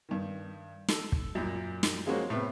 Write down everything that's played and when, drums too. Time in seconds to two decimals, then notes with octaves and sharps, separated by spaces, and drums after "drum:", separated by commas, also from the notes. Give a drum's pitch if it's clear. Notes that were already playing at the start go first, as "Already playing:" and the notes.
0.09 G2 D#3
0.88 A4, drum: snare
1.12 drum: kick
1.35 F#2 A#2 G3
1.83 drum: snare
2.06 F3 G#3 A#3 C4 F#4 C#5
2.30 A2 C3 B3